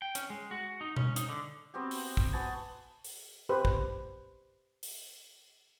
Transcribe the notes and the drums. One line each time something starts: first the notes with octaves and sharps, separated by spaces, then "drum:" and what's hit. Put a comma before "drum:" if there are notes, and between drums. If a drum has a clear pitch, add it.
G5
C#4, drum: hi-hat
G#3
F#4
D#4
C#4, drum: tom B2
D#4, drum: hi-hat
D3
B3 C4 F#4 G4
drum: open hi-hat
drum: kick
B3 F#4 G#5 A5
drum: open hi-hat
G4 B4 C5
drum: kick
drum: open hi-hat